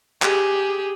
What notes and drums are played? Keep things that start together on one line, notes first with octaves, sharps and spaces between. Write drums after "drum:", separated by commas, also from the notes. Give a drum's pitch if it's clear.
G4 G#4, drum: clap